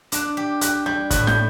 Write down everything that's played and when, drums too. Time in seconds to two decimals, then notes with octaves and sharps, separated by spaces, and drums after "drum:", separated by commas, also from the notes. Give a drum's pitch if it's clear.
0.12 D4 F#6, drum: hi-hat
0.37 G4
0.61 G4 F#6, drum: hi-hat
0.86 G3 G6
1.11 A2 F#6, drum: kick, hi-hat
1.27 G6, drum: snare